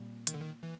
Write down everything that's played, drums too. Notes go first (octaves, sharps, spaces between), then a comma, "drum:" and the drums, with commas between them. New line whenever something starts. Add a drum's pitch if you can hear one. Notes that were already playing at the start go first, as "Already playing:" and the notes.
Already playing: A#2 G3 C4
D#3, drum: hi-hat
D3
D#3
E3